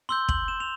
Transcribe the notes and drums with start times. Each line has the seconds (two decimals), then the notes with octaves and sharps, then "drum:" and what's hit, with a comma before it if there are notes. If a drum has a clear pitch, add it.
0.09 C6 E6 G6 G7
0.29 F#7, drum: kick
0.48 E7
0.60 F7